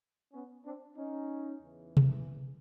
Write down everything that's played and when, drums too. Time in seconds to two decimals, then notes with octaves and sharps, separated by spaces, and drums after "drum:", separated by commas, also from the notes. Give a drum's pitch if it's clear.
0.33 B3 C#4
0.65 C4 D4
0.97 C#4 D#4
1.61 E2 C#3 E3
1.97 drum: tom C3